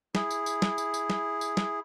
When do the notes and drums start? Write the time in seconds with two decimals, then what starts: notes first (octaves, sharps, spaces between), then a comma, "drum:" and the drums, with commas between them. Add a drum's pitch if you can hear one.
0.15 E4 G#4, drum: snare
0.30 drum: tambourine
0.46 drum: tambourine
0.62 drum: snare
0.78 drum: tambourine
0.94 drum: tambourine
1.10 drum: snare
1.41 drum: tambourine
1.57 drum: snare